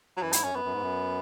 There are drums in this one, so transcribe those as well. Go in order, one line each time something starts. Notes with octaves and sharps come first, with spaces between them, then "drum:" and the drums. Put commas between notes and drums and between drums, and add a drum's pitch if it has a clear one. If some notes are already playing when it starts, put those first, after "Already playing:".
F#3
F#2 E3
G#2 E4, drum: hi-hat
F#2 C#4
F#2 B3
F#2
G#2
F#2